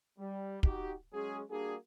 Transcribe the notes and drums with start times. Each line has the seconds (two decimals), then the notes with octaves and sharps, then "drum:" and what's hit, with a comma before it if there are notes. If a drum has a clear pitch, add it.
0.19 G3
0.63 D#4 F#4 G4, drum: kick
1.13 F#3 G#3 C#4 G#4
1.50 G3 A#3 D4 F#4 G#4